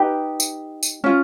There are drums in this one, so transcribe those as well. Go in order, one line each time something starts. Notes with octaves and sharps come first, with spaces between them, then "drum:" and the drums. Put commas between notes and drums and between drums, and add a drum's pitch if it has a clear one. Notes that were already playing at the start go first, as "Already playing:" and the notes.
Already playing: D#4 G4 B4
drum: tambourine
drum: tambourine
C#4 F4